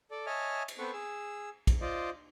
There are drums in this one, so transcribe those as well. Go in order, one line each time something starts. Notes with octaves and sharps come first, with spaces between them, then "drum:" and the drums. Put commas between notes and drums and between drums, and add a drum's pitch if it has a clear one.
A4 D5
C#5 D#5 E5 G#5 A5 F6
drum: cymbal
B3 C4 A4 B4 C#6
G#4 E6
drum: kick, cymbal
F4 C5 D5 D#5